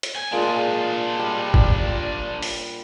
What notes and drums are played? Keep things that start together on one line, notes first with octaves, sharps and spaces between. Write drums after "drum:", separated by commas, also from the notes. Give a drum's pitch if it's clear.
drum: hi-hat
G#5
A#2 G#3 D4 F4
G3
drum: kick
drum: open hi-hat